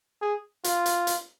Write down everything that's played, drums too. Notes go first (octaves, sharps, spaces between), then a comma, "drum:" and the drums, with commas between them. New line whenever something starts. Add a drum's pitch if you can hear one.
G#4
F4, drum: hi-hat
drum: hi-hat
drum: hi-hat